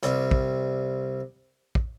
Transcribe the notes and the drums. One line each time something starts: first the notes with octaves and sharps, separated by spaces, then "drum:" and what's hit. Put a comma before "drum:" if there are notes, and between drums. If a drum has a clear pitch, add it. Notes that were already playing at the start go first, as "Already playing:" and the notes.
C2 C3 G3, drum: hi-hat
drum: kick
drum: kick